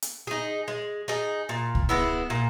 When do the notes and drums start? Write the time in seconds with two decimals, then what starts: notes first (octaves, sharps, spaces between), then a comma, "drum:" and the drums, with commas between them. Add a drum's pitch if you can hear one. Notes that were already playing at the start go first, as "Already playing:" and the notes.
0.02 drum: hi-hat
0.27 D#4 G#4
0.68 G#3
1.08 D#4 G#4
1.49 A#2
1.75 drum: kick C2
1.89 G#3 B3 E4
2.30 A#2